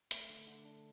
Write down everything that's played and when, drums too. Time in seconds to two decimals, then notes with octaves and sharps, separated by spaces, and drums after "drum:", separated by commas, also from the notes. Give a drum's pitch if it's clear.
0.11 A3, drum: hi-hat
0.29 D3
0.47 D3
0.65 D4